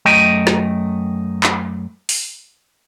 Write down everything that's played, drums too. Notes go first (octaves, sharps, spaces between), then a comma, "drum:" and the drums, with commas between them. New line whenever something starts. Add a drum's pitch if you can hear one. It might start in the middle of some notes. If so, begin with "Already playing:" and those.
F#2 A3 D#5 G5
drum: snare
drum: clap
drum: open hi-hat